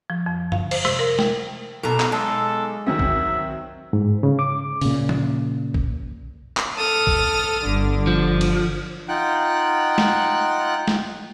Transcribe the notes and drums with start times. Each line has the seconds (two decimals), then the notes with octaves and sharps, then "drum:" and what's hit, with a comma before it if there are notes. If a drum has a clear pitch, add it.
0.10 F3
0.26 F2
0.52 F5, drum: tom F#2
0.71 C5, drum: cymbal
0.85 C3, drum: rim click
0.99 A#4
1.19 G5, drum: snare
1.83 B1 B2 A4 A#5
2.00 drum: clap
2.12 G#3 A4 A5
2.87 D#3 F#3 C4 E5
2.99 drum: kick
3.93 G#2
4.23 C#3
4.39 D6
4.81 A#2 C#3, drum: open hi-hat
5.09 drum: tom
5.74 drum: kick
6.57 drum: clap
6.77 A4 D#6 F6
7.07 drum: kick
7.65 G1 D3
8.07 F3
8.41 drum: cymbal
9.08 D#4 F4 F#5 G5 F#6
9.98 drum: snare
10.88 drum: snare